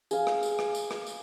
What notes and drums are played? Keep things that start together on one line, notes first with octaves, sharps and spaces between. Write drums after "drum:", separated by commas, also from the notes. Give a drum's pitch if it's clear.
G#4 F5, drum: tambourine
drum: rim click
drum: tambourine
drum: rim click
drum: tambourine
drum: rim click
drum: tambourine